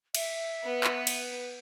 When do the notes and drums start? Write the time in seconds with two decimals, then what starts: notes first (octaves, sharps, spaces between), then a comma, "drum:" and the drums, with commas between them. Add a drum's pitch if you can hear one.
0.15 E5, drum: cymbal
0.65 B3 B4
0.84 drum: clap
1.07 drum: cymbal